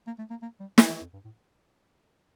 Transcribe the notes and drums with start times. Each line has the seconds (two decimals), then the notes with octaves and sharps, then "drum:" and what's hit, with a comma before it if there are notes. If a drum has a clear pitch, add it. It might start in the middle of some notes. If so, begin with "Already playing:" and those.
0.07 A#3
0.19 A3
0.30 A#3
0.42 A#3
0.60 G3
0.78 F3, drum: snare
0.89 E3
1.01 F2
1.13 G2
1.25 A2